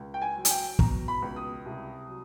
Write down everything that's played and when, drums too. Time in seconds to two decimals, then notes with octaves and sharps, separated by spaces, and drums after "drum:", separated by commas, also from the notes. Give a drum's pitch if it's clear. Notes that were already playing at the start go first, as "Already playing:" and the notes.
Already playing: C#2
0.14 G5
0.22 G#5
0.36 F#3
0.45 G#5, drum: hi-hat
0.50 G5
0.79 B2 A#5, drum: kick
1.08 B5
1.22 C#2
1.36 D#6
1.66 C2
2.08 F#3